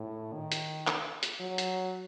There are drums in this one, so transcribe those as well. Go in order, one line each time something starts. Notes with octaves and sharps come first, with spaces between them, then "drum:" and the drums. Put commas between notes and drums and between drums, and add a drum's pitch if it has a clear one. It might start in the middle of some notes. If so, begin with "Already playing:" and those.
Already playing: A2
D#3
drum: hi-hat
drum: clap
drum: hi-hat
F#3
drum: hi-hat